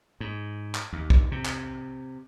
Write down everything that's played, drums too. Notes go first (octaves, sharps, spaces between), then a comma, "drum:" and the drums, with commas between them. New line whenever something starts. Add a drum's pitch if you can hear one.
G#2
drum: clap
D#2
drum: kick
C3
drum: clap